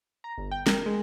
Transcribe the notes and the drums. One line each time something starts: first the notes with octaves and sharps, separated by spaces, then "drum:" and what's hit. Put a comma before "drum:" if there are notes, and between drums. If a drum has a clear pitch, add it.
A#5
G1
G5
A#4, drum: snare
G#3